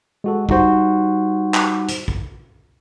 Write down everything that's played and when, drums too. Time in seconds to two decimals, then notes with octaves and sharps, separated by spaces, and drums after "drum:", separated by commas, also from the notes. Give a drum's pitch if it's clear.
0.24 G#3 F#4 A4
0.49 G3 D#4 F#4 C5, drum: kick
1.54 drum: clap
1.88 drum: hi-hat
2.08 drum: kick